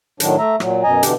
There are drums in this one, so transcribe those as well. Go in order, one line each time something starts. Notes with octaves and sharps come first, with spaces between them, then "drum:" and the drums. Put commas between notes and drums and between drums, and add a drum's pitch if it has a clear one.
A2 D#3 F#3 D4, drum: hi-hat
A3 E5 A#5
A#2 F#3, drum: rim click
F#2 B2 D#5 G#5 A#5
B2 D3 E3 D4 G4, drum: hi-hat